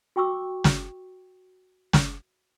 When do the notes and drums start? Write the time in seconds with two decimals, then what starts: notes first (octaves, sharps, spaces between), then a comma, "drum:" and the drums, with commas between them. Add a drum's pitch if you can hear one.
0.16 F#4 G5 C#6 D6 E6
0.64 drum: snare
1.93 drum: snare